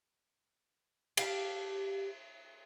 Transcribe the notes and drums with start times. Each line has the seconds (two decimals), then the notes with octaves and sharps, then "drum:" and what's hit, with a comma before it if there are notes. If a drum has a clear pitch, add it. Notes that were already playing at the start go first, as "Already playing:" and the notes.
1.17 G4 F5 G5 A5, drum: cymbal